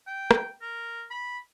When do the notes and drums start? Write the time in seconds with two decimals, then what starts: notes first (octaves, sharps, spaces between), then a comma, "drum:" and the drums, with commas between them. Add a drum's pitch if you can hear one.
0.07 G5
0.31 drum: rim click
0.62 A#4
1.10 B5